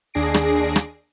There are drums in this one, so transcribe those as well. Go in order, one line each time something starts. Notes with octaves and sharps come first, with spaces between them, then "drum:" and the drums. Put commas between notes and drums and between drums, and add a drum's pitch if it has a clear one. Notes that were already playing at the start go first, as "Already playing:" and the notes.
D#2 D4 G#4 A#6 C7 D7
drum: rim click
drum: rim click